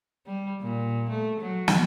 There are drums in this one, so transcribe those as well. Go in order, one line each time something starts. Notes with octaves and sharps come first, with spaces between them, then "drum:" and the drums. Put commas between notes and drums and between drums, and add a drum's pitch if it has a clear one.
G3
A#2
A3
F#3
drum: snare